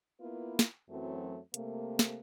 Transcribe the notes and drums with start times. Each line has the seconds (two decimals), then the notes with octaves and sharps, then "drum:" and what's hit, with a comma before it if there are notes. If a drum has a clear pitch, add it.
0.20 A#3 B3 E4 F4 B4
0.59 drum: snare
0.89 F#2 E3 F#3 A3 C4
1.54 C3 A3 A#3, drum: hi-hat
1.99 drum: snare